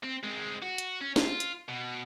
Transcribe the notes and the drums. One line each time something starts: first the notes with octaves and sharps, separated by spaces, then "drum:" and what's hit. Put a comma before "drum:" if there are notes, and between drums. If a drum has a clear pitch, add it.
C4
G#3 C4
F#4
drum: hi-hat
C#4
F4, drum: snare
drum: hi-hat
B2